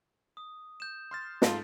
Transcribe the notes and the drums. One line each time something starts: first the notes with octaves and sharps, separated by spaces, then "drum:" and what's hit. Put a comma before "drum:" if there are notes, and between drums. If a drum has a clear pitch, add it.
D#6
G6 E7
C6 F6 A6
G#2 F4 A4 A5, drum: snare